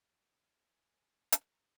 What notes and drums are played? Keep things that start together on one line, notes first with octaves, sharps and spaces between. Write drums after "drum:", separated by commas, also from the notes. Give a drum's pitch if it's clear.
G3
G#5
A#5, drum: hi-hat